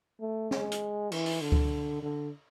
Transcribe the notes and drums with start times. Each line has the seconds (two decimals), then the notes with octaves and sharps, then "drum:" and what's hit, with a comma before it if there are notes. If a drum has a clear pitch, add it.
0.21 A3
0.51 G#3, drum: snare C#5
0.72 drum: hi-hat
1.12 E3, drum: cymbal
1.26 drum: open hi-hat
1.41 D3
1.52 drum: kick C#2
2.02 D3